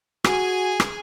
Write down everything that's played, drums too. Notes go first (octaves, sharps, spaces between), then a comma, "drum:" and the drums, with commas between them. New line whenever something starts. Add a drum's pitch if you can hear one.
F#4 G#4 G#5, drum: rim click
drum: rim click